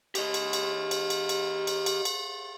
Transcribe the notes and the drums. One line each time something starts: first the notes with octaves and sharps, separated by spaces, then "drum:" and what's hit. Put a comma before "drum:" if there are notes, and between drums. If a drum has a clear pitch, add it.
G4 D#5, drum: cymbal
drum: cymbal
drum: cymbal
drum: cymbal
drum: cymbal
drum: cymbal
drum: cymbal
drum: cymbal
drum: cymbal